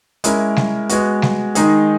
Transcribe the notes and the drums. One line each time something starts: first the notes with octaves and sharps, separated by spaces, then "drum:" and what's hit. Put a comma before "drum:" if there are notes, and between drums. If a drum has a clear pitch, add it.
G#3 C#4 E4 A#4, drum: hi-hat
drum: snare G3
G#3 B3 F#4, drum: hi-hat
drum: snare G3
D#3 G#3 D#4 G#4, drum: hi-hat